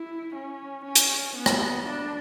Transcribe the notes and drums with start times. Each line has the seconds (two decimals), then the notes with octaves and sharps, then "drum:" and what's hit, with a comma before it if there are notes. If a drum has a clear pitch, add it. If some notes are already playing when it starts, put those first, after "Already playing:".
Already playing: E4
0.35 C#4
0.85 C#4
0.95 drum: hi-hat
1.36 B3
1.46 drum: rim click
1.86 D4